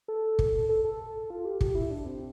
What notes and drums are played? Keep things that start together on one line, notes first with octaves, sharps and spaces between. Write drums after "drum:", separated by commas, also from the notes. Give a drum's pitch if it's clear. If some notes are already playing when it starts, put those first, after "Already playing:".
A4
drum: kick
A4
A4
F4
G4
G4, drum: kick
E4
D4
C4